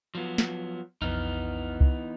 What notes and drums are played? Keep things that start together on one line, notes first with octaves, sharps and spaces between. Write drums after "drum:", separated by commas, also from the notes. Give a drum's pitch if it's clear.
F3 F#3 B3
drum: snare
B1 F2 E3 B3 D#4 F6
drum: kick C2